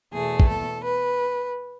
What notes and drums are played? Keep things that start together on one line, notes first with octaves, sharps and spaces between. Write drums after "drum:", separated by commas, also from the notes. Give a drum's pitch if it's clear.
E2 B2 A3 G#4
drum: kick
A4
B4